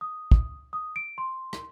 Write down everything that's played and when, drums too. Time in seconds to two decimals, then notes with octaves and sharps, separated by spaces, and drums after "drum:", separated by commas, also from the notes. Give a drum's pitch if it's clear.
0.01 D#6
0.31 drum: kick
0.73 D#6
0.96 D7
1.18 C6
1.53 drum: rim click